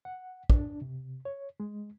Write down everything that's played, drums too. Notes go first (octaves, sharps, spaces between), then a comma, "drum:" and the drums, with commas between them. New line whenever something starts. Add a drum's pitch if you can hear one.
F#5
D4, drum: kick
C3
C#5
G#3